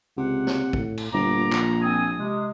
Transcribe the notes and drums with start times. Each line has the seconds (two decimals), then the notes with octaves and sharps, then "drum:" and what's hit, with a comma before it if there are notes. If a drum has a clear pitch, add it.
0.17 C#2 C3 F#5
0.47 drum: snare
0.73 A2, drum: kick
0.97 drum: cymbal
1.13 G1 A#2 A#5 D6
1.52 A#1, drum: clap
1.82 C4 G#5 D#6
2.18 C3 G#3